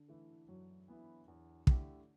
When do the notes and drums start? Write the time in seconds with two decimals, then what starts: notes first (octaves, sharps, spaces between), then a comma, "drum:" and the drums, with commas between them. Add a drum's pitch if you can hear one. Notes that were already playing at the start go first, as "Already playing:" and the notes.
Already playing: D3
0.09 E3 A3 E4
0.48 F#2 F#3
0.88 E3 B3 E4
1.28 E2
1.67 D3 A3 E4 G4, drum: kick